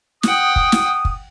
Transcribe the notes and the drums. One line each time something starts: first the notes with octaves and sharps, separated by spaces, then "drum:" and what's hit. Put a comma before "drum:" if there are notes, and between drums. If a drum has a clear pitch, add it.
F#5 G5 D#6, drum: snare
drum: kick
drum: snare
drum: kick